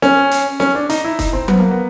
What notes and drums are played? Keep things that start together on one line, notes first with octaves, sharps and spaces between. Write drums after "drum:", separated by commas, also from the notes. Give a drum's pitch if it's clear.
C#4, drum: snare C4
drum: hi-hat
C#4, drum: snare C4
D4
D#4, drum: hi-hat
E4
D#4, drum: kick, hi-hat
C4
B3, drum: tom F#3
A#3
B3